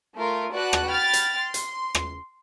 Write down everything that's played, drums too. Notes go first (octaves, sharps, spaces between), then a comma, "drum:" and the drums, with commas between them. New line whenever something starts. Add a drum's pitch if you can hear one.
A3 F4 A#4
F#4 B4 D5 A5 F#6
drum: rim click
G5 B5 F6 A6
drum: hi-hat
C6
drum: hi-hat
drum: rim click